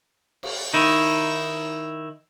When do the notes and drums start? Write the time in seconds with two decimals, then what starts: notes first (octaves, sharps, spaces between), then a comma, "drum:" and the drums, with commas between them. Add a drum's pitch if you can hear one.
0.43 drum: cymbal
0.74 D#3 D#4 E4